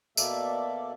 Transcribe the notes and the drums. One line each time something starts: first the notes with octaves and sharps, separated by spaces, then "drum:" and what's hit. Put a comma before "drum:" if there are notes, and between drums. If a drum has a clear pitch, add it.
B2 A#3 A4 D5 E5, drum: tambourine